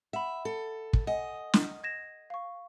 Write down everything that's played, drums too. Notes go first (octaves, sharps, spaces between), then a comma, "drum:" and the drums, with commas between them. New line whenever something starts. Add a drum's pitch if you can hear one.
E5 F#5 B5
A4
drum: kick
D#5 F#5 G#5
drum: snare
G#6 A#6 E7
F5 C#6